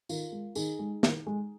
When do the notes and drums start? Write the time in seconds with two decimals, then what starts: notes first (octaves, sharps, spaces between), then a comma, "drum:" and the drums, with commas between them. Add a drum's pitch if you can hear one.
0.09 D#3 F4 A#4, drum: tambourine
0.32 G#3
0.55 D#3 D#4 G#4, drum: tambourine
0.79 G#3
1.03 D#3, drum: snare
1.27 G#3